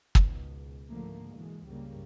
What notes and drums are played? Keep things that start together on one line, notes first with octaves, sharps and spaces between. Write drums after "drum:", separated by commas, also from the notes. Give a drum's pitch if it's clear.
C#2 G#2 B2, drum: kick
G#2 D3 F3 A3 A#3
B2 E3 G#3
C#2 G2 C#3 G3 A#3